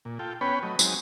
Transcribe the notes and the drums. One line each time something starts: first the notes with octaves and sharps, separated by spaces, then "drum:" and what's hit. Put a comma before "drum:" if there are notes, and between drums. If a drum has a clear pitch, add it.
A#2
F4 A4 G5
B3 C#4 B4 C#5 G5 B5
F#3 A3 D#5
F#3 G#3 C4 D#4, drum: tambourine